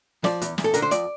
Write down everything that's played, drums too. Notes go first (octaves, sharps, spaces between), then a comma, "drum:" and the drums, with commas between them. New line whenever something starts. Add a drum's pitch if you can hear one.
F3 D5, drum: snare
E2, drum: hi-hat
E2, drum: snare
A4
D3 A#4, drum: hi-hat
C5
F2 D5, drum: hi-hat